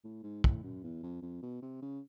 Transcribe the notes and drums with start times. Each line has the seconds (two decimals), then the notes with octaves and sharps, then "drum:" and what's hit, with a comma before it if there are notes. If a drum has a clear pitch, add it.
0.04 A2
0.23 G#2
0.44 A2, drum: kick
0.63 F#2
0.84 E2
1.03 F2
1.22 F2
1.42 B2
1.62 C3
1.82 C#3